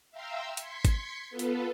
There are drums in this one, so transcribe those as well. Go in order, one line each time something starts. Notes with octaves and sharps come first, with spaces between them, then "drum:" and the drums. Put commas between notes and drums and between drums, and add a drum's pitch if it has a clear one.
E5 F5 G5 A#5 C6 E6
C6 G#6 B6 C#7, drum: hi-hat
drum: kick G#1, hi-hat
B3 F4 A4 B4
drum: hi-hat